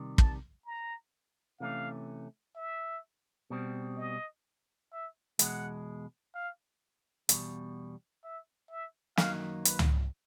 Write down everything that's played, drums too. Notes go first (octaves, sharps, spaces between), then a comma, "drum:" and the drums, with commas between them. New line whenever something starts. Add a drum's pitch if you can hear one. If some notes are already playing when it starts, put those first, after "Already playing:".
Already playing: C3 D#3 G3
A5, drum: kick
A#5
C3 E3 A3 C#4 F5
E5
B2 G3 C4
D#5
E5
E2 B2 G#3 F#5, drum: hi-hat
F5
E2 B2 G3, drum: hi-hat
E5
E5
F#2 D#3 F#3 A#3 D#4 F5, drum: snare
B4, drum: hi-hat
drum: tom